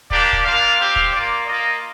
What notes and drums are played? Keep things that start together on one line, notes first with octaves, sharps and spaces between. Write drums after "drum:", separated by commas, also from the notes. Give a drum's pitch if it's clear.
A#3 D4 G4 D5, drum: kick
drum: kick
A#3 D4 F4 F5
C4 G4
drum: kick
A#3 F4 D5
A#3 F4 D#5